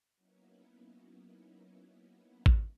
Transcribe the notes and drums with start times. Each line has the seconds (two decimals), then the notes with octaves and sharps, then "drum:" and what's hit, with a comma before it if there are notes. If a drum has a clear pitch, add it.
0.16 F#3 A#3 B3 C#4 D#4 E4
2.46 drum: kick